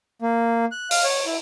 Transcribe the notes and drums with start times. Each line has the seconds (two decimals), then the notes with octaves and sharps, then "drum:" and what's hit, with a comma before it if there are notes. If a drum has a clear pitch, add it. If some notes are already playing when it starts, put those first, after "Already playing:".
0.22 A#3
0.72 F#6
0.91 F5, drum: open hi-hat
1.04 C#5
1.26 E4